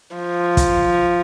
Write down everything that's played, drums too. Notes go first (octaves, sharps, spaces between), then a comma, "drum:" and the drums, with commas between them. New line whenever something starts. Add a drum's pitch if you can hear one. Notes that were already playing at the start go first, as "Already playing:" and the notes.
F3
drum: kick, hi-hat